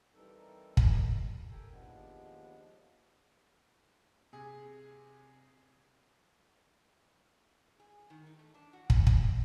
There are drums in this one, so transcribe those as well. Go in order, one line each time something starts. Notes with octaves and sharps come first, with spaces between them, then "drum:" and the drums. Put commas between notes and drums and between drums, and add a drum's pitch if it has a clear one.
E3 G3 C4 D#4 A4 A#4
drum: kick
G4 A4 A#4 G5 G#5
D#2 F3 G#3 B3 D4
C3 G#4
G#4
D#3
D#4
A3
D4
F#4
C#5, drum: kick
C4, drum: kick